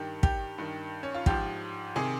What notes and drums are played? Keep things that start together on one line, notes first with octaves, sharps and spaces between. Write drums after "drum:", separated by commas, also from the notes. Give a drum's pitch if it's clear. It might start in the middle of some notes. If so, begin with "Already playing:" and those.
Already playing: G2 D#3 G4
G4, drum: kick
G2 D#3
C#4
F4
G#2 F3 G4, drum: kick
C3 D#3 G#4